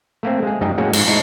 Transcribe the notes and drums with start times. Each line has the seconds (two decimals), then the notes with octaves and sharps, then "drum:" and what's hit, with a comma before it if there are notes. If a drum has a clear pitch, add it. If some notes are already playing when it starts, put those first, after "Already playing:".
0.23 A3 A#3 C4
0.43 G#3 G#4
0.61 F#2 G3 D#4 D#5 G5
0.78 A2 G#3 A#3 C#4 F#4
0.93 G#2, drum: cymbal
1.07 G#3 D#4 E4 A5